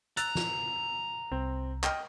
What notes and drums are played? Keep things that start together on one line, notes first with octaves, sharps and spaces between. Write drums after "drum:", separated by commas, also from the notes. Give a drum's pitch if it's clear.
A#5 E6 F#6 A6, drum: hi-hat
drum: snare
C2 C4
D#5 G5 F6, drum: clap